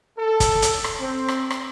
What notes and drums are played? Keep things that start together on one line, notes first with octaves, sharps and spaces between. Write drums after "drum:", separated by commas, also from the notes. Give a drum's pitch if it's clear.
A4
drum: kick, hi-hat
drum: hi-hat
drum: rim click
C4
drum: rim click
drum: rim click